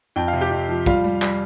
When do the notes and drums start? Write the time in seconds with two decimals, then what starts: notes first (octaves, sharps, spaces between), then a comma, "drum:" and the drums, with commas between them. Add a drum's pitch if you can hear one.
0.16 F2 G5
0.28 F5
0.33 C3
0.41 G4 G5
0.51 F2
0.69 F3
0.86 G3 F4 F5, drum: kick
1.04 G3
1.22 G3, drum: clap